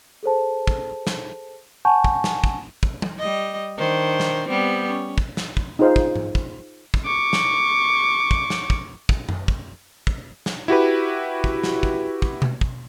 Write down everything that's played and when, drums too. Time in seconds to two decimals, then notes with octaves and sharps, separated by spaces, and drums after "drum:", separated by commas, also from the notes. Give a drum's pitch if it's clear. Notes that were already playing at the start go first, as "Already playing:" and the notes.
0.23 G#4 A4 C5 A5
0.67 drum: kick
1.07 drum: snare
1.85 F#5 G#5 A5 C#6 G6
2.04 drum: kick
2.24 drum: snare
2.44 drum: kick
2.83 drum: kick
3.02 drum: tom
3.19 G3 D#5
3.77 D#3 D4 C5
4.20 drum: snare
4.48 G3 B3 C4
4.89 C#4
5.18 drum: kick
5.37 drum: snare
5.57 drum: kick
5.79 D#4 F4 G#4 C5 D#5 F5
5.96 drum: kick
6.15 drum: tom G#2
6.35 drum: kick
6.94 drum: kick
7.05 C#6 D6
7.33 drum: snare
8.31 drum: kick
8.50 drum: snare
8.70 drum: kick
9.09 drum: kick
9.29 drum: tom F#2
9.48 drum: kick
10.07 drum: kick
10.46 drum: snare
10.68 E4 F#4 G4 B4
11.44 drum: kick
11.64 drum: snare
11.83 drum: kick
12.22 drum: kick
12.42 drum: tom B2
12.61 drum: kick